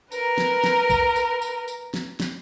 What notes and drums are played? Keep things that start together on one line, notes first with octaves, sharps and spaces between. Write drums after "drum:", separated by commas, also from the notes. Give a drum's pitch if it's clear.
A#4 B4, drum: tambourine
drum: snare
drum: snare
drum: kick, tambourine
drum: tambourine
drum: tambourine
drum: tambourine
drum: snare
drum: snare